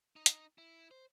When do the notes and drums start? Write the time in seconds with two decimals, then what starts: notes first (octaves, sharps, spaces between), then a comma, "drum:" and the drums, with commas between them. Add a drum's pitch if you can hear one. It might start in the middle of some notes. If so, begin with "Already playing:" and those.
0.16 D#4
0.26 drum: hi-hat
0.58 E4
0.91 C5